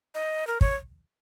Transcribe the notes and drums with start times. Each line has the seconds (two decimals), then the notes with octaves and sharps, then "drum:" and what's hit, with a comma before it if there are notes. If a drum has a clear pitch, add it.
0.15 D#5
0.47 A#4
0.61 C#5, drum: kick